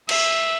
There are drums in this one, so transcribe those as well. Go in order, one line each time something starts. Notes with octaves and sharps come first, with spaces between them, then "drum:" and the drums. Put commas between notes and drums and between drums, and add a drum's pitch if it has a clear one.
E5, drum: cymbal